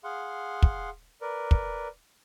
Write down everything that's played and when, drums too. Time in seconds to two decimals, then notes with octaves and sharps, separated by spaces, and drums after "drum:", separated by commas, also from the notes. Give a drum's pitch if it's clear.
0.04 G#4 F5 F#5 C6
0.62 drum: kick
1.21 A#4 B4 D5
1.51 drum: kick